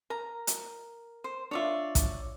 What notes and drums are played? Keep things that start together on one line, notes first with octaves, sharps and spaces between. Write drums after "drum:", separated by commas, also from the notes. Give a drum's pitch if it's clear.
A#4 A#5
drum: hi-hat
C5
D4 F4 C#5 D5 E5
drum: kick A1, hi-hat